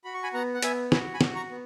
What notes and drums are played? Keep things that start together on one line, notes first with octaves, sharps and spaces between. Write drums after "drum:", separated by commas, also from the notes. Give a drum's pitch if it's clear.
F#4 B5
C#6
G#5 B5
B3 F#5 A#5
F#5
B3 E5 G#5, drum: hi-hat
F#4 G#5 B5, drum: snare
G#5 B5
F#4, drum: snare
A#5 C#6
B3